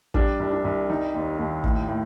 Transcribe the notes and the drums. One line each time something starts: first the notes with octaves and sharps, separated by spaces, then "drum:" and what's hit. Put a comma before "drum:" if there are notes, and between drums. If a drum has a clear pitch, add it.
G3 D4, drum: kick
C2
D4
C2
G3 D#4
D#2
D#2
A2, drum: kick
A2